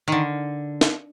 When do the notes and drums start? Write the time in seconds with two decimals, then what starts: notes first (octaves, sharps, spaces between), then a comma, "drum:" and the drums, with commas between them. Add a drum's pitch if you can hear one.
0.08 D3 D#3
0.81 drum: snare